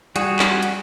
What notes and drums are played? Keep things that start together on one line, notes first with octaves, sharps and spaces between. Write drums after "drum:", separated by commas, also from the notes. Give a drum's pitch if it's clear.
G3 F#4 G#4, drum: hi-hat
drum: clap
drum: hi-hat